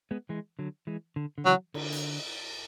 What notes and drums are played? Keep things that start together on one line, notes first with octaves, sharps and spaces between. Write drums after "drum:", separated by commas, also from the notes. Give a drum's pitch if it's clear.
G#3 B3
E3 G#3
D3 F#3
E3 G#3
D3
D3
C#3 E3 F#3
D3, drum: cymbal
drum: hi-hat